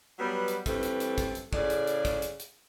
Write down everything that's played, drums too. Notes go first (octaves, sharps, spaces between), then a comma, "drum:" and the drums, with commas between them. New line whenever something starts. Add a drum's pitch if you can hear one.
F#3 G3 B3
drum: hi-hat
G2 E3 A3 C4, drum: kick, hi-hat
drum: hi-hat
drum: hi-hat
drum: kick, hi-hat
drum: hi-hat
A2 C#3 G#4 D5, drum: kick
drum: hi-hat
drum: hi-hat
drum: kick, hi-hat
drum: hi-hat
drum: hi-hat